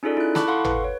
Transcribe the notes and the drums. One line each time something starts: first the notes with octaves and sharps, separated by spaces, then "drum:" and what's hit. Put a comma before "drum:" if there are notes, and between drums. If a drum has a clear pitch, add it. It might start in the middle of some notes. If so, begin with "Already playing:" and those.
C#4 D#4 F4 G#4 A4 D5
E4 F#6
E4 A5 B5 C#6 D6 F#6, drum: snare
A4 F5 F#5 C6 C#6
B4, drum: tom G#1
C#5